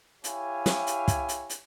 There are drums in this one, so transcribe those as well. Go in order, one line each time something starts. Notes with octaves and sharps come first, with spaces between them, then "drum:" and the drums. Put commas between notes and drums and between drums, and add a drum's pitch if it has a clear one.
E4 G4 C#5 F5 G#5, drum: hi-hat
drum: snare
drum: hi-hat
drum: kick, hi-hat
drum: hi-hat
drum: hi-hat